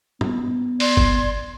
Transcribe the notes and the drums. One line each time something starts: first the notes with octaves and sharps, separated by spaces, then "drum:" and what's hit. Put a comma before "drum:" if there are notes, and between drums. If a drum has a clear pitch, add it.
B3, drum: tom
D5 C6 G#6, drum: open hi-hat
drum: kick G1